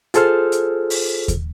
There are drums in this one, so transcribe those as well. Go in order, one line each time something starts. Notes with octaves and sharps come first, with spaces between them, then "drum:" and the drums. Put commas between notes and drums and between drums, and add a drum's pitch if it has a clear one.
F4 G#4 A4 C5 F6, drum: hi-hat
drum: hi-hat
drum: open hi-hat
drum: kick D#2, hi-hat